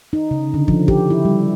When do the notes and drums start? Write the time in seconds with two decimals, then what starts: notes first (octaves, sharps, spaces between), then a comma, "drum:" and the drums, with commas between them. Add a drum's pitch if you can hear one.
0.13 D#4
0.31 C#3
0.54 D3
0.68 F3, drum: kick
0.88 G4, drum: kick
1.10 E4
1.25 G3